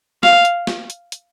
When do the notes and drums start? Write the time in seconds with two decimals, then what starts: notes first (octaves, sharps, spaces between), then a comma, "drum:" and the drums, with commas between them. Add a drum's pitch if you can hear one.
0.23 F5, drum: snare
0.45 drum: hi-hat
0.67 drum: snare
0.90 drum: hi-hat
1.12 drum: hi-hat